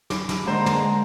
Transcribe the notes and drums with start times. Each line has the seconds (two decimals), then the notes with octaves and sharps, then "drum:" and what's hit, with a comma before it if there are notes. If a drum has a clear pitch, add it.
0.10 B5 D6, drum: snare
0.29 drum: snare
0.46 D3 G#3 A#3 D4 C5 A#5
0.66 drum: snare